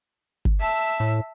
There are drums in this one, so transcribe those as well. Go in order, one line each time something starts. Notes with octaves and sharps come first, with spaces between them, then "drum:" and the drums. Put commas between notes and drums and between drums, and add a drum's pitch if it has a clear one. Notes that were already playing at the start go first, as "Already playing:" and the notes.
drum: kick G1
E5 A5 E6
A2